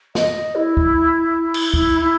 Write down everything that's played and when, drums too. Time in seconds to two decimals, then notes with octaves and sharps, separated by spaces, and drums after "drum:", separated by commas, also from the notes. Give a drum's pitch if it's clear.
0.15 D#5, drum: snare
0.55 E4
0.77 drum: kick
1.54 drum: cymbal
1.74 E4, drum: kick
2.00 E4